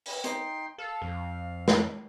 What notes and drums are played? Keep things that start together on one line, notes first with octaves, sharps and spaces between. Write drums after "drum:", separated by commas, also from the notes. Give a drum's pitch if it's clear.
drum: open hi-hat
D#4 G5 C6, drum: hi-hat
A4 F5
F2
drum: snare